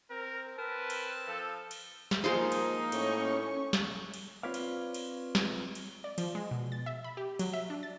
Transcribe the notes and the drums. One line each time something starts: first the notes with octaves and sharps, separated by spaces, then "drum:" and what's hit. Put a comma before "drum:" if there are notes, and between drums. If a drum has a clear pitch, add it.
C4 A#4
C4 A#4 B4 A5
drum: cymbal
F3 A4
drum: cymbal
drum: snare
F3 G#3 A#3 D#4 F5 C6
drum: cymbal
A2 C#4 C#6, drum: cymbal
drum: snare
drum: cymbal
C4 F4 B4 C#5 D5 F5
drum: cymbal
drum: cymbal
drum: snare
drum: cymbal
D5
F3, drum: cymbal
G#3
B2
A6
E5
B5
G4
F#3, drum: cymbal
E5
D4
A6